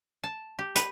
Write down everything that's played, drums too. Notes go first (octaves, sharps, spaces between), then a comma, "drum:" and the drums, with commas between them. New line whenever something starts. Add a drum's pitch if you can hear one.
A5
G4
B4, drum: hi-hat